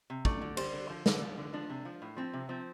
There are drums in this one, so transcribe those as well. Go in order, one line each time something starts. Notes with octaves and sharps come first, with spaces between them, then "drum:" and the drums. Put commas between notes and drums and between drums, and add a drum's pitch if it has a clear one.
C3
A3 D5, drum: kick
D3
G3 C5, drum: cymbal
D3
F3
D3, drum: snare
F3
D3
F3 D4
C3
F3
A2
F3 C4
C3
F3 C4